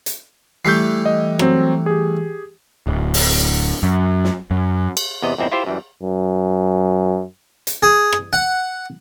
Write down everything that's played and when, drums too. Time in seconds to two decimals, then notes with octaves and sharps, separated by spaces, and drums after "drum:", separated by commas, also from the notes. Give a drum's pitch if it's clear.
0.06 drum: hi-hat
0.65 E3 G3 A3 G6 B6 C7
1.06 D#5
1.39 F#3 C4, drum: rim click
1.86 G4 G#4
2.87 D1
3.14 drum: open hi-hat
3.83 F#2
4.24 drum: snare
4.51 F#2
4.97 drum: cymbal
5.22 E2 C3 B3 D#5
5.38 E2 G2 A#2 C4 D#4 E4
5.52 E4 F4 G4 C5 E5
5.66 F#2 E3 G3
6.03 F#2
7.67 drum: hi-hat
7.83 G#4
8.13 drum: rim click
8.33 F#5